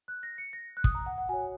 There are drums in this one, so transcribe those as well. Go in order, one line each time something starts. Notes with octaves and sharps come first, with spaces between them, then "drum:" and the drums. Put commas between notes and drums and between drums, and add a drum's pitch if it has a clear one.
F#6
A#6
C#7
A#6
F#6
D#6, drum: kick
A#5
F#5
F#5
F#4 C#5 G#5